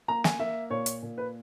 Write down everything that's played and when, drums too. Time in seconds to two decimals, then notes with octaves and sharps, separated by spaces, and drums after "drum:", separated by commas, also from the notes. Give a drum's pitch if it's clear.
0.08 A#3 A#5
0.24 G#5, drum: snare
0.39 A#3 E5
0.70 A#2 C#5
0.86 drum: hi-hat
1.03 A#2
1.18 B4